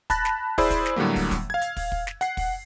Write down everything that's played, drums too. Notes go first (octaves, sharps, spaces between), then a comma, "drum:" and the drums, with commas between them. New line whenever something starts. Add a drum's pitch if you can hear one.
A5 B5 F#6 A6 A#6, drum: kick, hi-hat
drum: snare
E4 G#4 C5 D5 B5 E6, drum: kick, open hi-hat
drum: kick, hi-hat
drum: snare
A2 D3 F#3 G3 A#3
drum: kick, open hi-hat
drum: kick, hi-hat
F5 G#6
drum: hi-hat
drum: kick, open hi-hat
drum: kick
drum: snare
F#5 C7, drum: hi-hat
drum: kick, open hi-hat